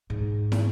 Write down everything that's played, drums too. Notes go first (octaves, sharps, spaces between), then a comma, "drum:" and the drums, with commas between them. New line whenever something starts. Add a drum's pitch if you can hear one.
G#2
drum: snare